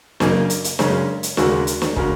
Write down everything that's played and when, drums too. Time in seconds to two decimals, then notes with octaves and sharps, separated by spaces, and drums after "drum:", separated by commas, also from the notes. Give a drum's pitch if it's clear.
0.20 F#2 C#3 A#3 D#4 A#4, drum: snare
0.50 drum: hi-hat
0.64 drum: hi-hat
0.79 F#2 C#3 G#3 C#4 A#4, drum: snare
1.23 drum: hi-hat
1.37 D#2 C#3 G#3 F#4 A#4, drum: snare
1.67 drum: hi-hat
1.82 drum: snare
1.96 C#3 G#3 F#4 A#4, drum: kick